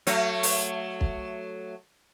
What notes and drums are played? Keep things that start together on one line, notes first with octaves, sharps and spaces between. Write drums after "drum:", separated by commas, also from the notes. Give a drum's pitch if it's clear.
F#3 A3 C#5, drum: hi-hat
drum: open hi-hat
drum: kick